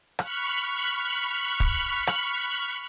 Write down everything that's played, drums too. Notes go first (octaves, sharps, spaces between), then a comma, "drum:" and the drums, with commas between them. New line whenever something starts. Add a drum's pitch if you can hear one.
B5 C#6 F6 F#6, drum: rim click
drum: kick
drum: rim click